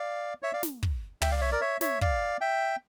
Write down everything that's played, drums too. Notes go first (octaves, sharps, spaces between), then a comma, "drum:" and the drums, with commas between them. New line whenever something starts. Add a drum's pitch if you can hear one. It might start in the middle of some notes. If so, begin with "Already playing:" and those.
Already playing: D5 F5
C#5 E5
D5 F5
drum: snare
drum: kick
E5 G5, drum: tom
D5 F5
C#5 E5
A#4 D5
C#5 E5
C#5 E5, drum: snare
D5 F5, drum: kick
E5 G5